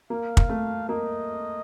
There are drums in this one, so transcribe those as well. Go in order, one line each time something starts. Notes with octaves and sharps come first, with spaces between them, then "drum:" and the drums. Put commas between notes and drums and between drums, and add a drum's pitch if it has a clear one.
A#3 F5
drum: kick
A3
A#3 D#5